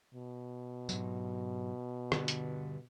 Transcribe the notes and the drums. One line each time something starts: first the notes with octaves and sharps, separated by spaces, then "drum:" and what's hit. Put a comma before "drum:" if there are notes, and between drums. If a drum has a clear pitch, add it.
B2
G#2 F#3, drum: tambourine
G2 D3, drum: rim click
drum: hi-hat